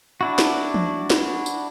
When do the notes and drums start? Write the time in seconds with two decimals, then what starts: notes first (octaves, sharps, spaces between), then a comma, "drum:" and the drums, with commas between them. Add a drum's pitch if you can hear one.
0.21 D4 E4 F#4
0.39 drum: snare
0.74 drum: tom E3
1.10 drum: snare
1.46 drum: tambourine